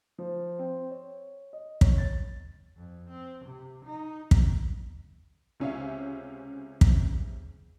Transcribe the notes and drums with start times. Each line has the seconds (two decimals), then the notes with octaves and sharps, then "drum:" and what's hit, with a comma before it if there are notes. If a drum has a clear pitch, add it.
0.18 F3
0.59 C4
0.91 C#5
1.53 D#5
1.81 C#5, drum: kick
1.98 A6
2.77 F2
3.10 C4
3.45 C3
3.85 D#4
4.31 drum: kick
5.60 C#2 C3 C#4 C#5 E5 F5
6.81 drum: kick